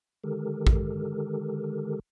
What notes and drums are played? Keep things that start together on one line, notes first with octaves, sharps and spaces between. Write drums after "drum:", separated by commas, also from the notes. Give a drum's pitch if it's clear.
D3 D#3 G#3 G4 A4 A#4
drum: kick A1